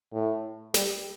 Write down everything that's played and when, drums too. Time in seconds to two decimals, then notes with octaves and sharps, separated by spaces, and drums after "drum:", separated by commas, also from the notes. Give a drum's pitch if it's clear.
0.13 A2
0.74 G3, drum: snare